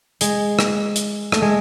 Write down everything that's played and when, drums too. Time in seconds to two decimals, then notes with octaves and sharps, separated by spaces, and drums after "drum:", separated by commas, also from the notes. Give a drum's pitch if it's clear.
0.21 G#3, drum: hi-hat
0.59 drum: rim click
0.96 drum: hi-hat
1.32 A3, drum: rim click
1.42 G#3